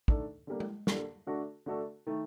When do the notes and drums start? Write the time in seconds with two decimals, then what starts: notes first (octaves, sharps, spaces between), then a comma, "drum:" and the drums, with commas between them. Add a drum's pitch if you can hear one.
0.08 D#3 A3 D4 A4, drum: kick
0.47 D3 G3 A#3
0.60 drum: tom G#3
0.87 D3 G3 A#3, drum: snare
1.27 D3 A3 D4 F#4 A4
1.66 D3 A3 D4 F#4 A4
2.07 D#3 A3